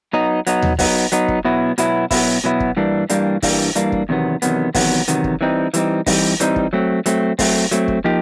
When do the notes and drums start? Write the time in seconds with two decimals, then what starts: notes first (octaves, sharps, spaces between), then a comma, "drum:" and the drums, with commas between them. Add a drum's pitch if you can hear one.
0.13 F#3 B3 D#4
0.47 F#3 B3 D#4, drum: hi-hat
0.62 drum: tom D#2
0.79 F#3 B3 D#4, drum: kick, open hi-hat
1.12 F#3 B3 D#4, drum: hi-hat
1.28 drum: kick
1.45 B2 F#3 B3 E4
1.78 B2 F#3 B3 E4, drum: hi-hat
2.11 B2 F#3 B3 E4, drum: kick, open hi-hat
2.44 B2 F#3 B3 E4
2.60 drum: kick
2.77 G2 E3 G3 A#3 D4
3.10 G2 E3 G3 A#3 D4, drum: hi-hat
3.42 G2 E3 G3 A#3 D4, drum: kick, open hi-hat
3.75 G2 E3 G3 A#3 D4, drum: hi-hat
3.92 drum: kick
4.09 E2 C3 D#3 F#3 B3
4.42 E2 C3 D#3 F#3 B3, drum: hi-hat
4.75 E2 C3 D#3 F#3 B3, drum: kick, open hi-hat
5.08 E2 C3 D#3 F#3 B3, drum: hi-hat
5.24 drum: kick
5.41 E3 G3 C4 D#4
5.74 E3 G3 C4 D#4, drum: hi-hat
6.06 E3 G3 C4 D#4, drum: kick, open hi-hat
6.40 E3 G3 C4 D#4, drum: hi-hat
6.56 drum: kick
6.73 F#3 A3 C4
7.06 F#3 A3 C4, drum: hi-hat
7.39 F#3 A3 C4, drum: kick, open hi-hat
7.71 F#3 A3 C4, drum: hi-hat
7.88 drum: kick
8.04 F3 A#3 D#4 G4